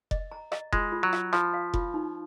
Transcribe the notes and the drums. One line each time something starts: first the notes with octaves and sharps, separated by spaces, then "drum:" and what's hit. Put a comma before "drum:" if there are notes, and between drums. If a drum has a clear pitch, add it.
D#5, drum: kick F1
A#5
D#5, drum: rim click
G#3 F4, drum: kick F1
F4
F#3
F4, drum: rim click
F3 F4, drum: rim click
F5
F4, drum: kick F1
D#4